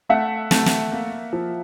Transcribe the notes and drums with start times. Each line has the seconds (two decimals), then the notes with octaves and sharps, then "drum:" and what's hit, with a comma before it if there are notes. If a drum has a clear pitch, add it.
0.09 A3 E5 F#5
0.51 A3, drum: snare
0.66 drum: snare
0.92 A#3
1.33 F3